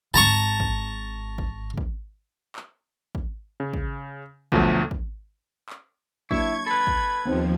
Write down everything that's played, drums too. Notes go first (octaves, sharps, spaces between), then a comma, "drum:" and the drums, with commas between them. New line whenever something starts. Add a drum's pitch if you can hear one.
G#1 A5 A#5 C#6
drum: kick
drum: kick
drum: kick
drum: clap
drum: kick
C#3
drum: kick
D2 B2 F3 F#3 A3, drum: kick
drum: kick
drum: clap
F#3 A#3 D4 E4 C#6 G#6, drum: kick
A4 B4 B5
drum: kick
D#2 F3 B3 C4 D#4